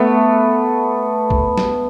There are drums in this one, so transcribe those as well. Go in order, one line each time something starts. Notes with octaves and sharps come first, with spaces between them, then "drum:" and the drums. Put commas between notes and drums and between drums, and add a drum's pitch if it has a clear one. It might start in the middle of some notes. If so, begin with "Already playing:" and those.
Already playing: A3 B3
drum: kick
drum: snare